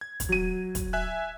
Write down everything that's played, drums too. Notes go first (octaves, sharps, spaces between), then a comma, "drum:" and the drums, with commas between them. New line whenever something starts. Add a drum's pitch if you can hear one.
G#6
drum: kick, hi-hat
F#3 D#7
drum: kick, hi-hat
E5 G#5 F#6